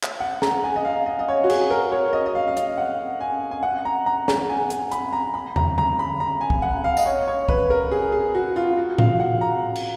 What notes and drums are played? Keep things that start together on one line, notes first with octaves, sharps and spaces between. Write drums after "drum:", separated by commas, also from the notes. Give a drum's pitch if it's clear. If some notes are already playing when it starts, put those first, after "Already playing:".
drum: clap
F#5
A#5, drum: snare
G#5
D#5
F5
D#5
D#5
C#5
F#4
G#4, drum: cymbal
A#4
C#5
D#5
D#5
F5
F5
D#5, drum: hi-hat
F#5
G#5
G#5
F#5
A#5
A#5
A#5, drum: snare
G#5
G#5, drum: hi-hat
B5, drum: hi-hat
A#5
B5
A#5, drum: tom
A#5, drum: tom D3
B5
A#5
G#5
drum: kick
F#5
F5
D#5, drum: tambourine
C#5
C#5
B4, drum: kick
A#4
G#4
G#4
F#4
F4
F#4
F5, drum: tom A2
F#5
A#5
drum: cymbal